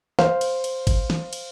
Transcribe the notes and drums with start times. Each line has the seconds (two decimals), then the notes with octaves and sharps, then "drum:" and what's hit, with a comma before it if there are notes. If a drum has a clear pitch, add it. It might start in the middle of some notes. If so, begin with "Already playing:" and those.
0.19 C5 F5, drum: snare
0.41 drum: cymbal
0.64 drum: cymbal
0.87 drum: kick G#1, cymbal
1.10 drum: snare
1.33 drum: cymbal